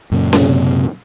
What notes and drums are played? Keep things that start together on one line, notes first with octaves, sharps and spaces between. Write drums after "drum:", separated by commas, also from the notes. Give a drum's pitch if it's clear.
F#2 A#2 C#3
drum: snare C#4
C3